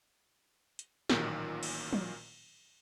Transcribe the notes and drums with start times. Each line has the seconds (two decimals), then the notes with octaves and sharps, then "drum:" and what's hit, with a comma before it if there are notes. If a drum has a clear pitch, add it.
0.79 drum: hi-hat
1.09 A1 A#2 D#3 F#3, drum: snare
1.63 drum: cymbal
1.93 drum: tom F3